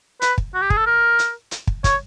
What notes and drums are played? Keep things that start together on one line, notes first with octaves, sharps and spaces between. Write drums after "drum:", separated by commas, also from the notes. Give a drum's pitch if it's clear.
B4, drum: hi-hat
drum: kick
F#4
G4
G#4, drum: kick
A4
A#4
drum: hi-hat
drum: hi-hat
drum: kick
C#5, drum: kick, hi-hat